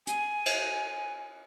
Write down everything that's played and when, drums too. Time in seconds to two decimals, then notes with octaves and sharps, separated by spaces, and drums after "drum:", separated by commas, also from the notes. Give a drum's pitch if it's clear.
0.07 G#5, drum: hi-hat
0.46 drum: cymbal